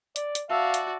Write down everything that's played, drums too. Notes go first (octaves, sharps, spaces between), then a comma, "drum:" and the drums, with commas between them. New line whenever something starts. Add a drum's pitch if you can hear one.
D5, drum: hi-hat
drum: hi-hat
F#4 D5 E5 F5 A5 E6
drum: hi-hat